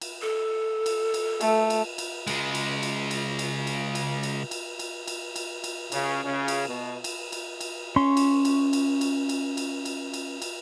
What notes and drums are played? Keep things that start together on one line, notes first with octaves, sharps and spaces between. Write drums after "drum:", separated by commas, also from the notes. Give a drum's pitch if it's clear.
drum: cymbal
A4
drum: cymbal
drum: cymbal
A3, drum: cymbal
drum: cymbal
drum: cymbal
C#3 G#3, drum: cymbal
drum: cymbal
drum: cymbal
drum: cymbal
drum: cymbal
drum: cymbal
drum: cymbal
drum: cymbal
drum: cymbal
drum: cymbal
drum: cymbal
drum: cymbal
drum: cymbal
C#3, drum: cymbal
C#3
drum: cymbal
B2
drum: cymbal
drum: cymbal
drum: cymbal
C#4 C6 C#6
drum: cymbal
drum: cymbal
drum: cymbal
drum: cymbal
drum: cymbal
drum: cymbal
drum: cymbal
drum: cymbal
drum: cymbal